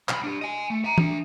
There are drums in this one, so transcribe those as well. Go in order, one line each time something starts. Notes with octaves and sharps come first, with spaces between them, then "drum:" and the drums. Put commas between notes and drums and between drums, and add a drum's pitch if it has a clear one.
B1 B5, drum: clap
D4 G4
D#5 G#5
A3
E5 A#5
D4 E5, drum: tom